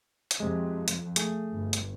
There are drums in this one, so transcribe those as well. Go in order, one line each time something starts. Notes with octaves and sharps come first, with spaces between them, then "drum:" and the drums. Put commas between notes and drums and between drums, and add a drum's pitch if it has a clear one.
drum: hi-hat
F2 C3 G#3
drum: hi-hat
A3 G#4, drum: hi-hat
G1
drum: hi-hat